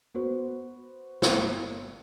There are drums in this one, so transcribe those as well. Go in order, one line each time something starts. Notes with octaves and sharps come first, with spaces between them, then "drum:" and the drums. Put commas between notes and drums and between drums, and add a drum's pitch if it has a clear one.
B3 F#4 B4 C5
G1, drum: snare